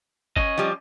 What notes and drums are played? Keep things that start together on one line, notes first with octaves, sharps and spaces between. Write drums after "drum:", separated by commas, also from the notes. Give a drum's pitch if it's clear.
C#4 D#5, drum: kick
F3 G3